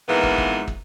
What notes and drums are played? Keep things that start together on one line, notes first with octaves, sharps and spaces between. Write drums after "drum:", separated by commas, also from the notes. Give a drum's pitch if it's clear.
F2 G#2 E3 A#3 B3
drum: kick
drum: kick
drum: kick